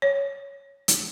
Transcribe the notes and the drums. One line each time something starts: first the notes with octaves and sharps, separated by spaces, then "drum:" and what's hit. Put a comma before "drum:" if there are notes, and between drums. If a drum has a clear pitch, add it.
C#5
drum: hi-hat